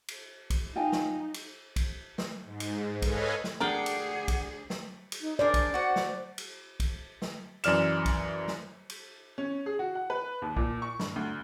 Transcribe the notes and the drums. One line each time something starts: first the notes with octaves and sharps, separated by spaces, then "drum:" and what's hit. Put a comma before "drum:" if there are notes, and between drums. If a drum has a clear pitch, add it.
drum: cymbal
drum: kick, cymbal
D#4 F4 G5 G#5
drum: snare
drum: cymbal
drum: kick, cymbal
drum: snare
G#2
drum: cymbal
A4 B4 C#5 D#5 F5 G#5, drum: kick, cymbal
drum: snare
D2 D4 G#4 A#4 D5 F#5 G5 A#5
drum: cymbal
drum: kick, cymbal
drum: snare
drum: cymbal
D#4
D4 G#4 A#4 C5 D5
drum: kick, cymbal
F#4 C5 F#5
drum: snare
drum: cymbal
drum: kick, cymbal
drum: snare
F#2 E3 D5 F6 E7, drum: cymbal
drum: kick, cymbal
drum: snare
drum: cymbal
C#4
G#4
F#4
F#5
B4
D#2
A#2, drum: kick
C#6
G2, drum: snare
D2